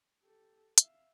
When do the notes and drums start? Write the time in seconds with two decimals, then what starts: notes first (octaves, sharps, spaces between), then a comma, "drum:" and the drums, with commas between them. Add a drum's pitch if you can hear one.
0.21 G4 A4
0.78 E5 F5, drum: hi-hat